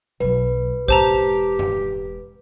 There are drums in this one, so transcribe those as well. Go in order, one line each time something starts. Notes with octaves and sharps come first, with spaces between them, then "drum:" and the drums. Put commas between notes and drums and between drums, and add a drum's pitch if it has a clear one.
B1 F#3 B4
E1 G4 C5 A5 A#5, drum: kick A#1
drum: tom F#2